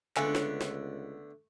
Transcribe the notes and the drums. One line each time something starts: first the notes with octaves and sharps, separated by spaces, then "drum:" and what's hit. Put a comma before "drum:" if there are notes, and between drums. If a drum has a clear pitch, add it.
C#2 D3 A3 B3 F5 G#5, drum: clap
drum: snare
drum: snare